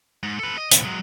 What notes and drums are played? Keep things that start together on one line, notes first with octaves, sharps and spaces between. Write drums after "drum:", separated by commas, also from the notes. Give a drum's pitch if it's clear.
G#2
A4 B4
D#5
D#2 A2, drum: hi-hat
F#3 G#3